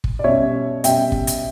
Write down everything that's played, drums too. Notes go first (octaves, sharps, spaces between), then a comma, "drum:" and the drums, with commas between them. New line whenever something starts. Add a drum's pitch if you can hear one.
drum: kick
D5
B2 G3 C#4 C#5 E5
B2 G3 C#4 E5 G5, drum: hi-hat
drum: kick
drum: hi-hat